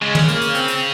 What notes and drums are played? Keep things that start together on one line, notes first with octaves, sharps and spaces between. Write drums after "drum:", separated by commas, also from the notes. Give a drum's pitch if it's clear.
C#3 G#3
drum: tom
A#3, drum: hi-hat
drum: hi-hat
C4, drum: hi-hat
drum: hi-hat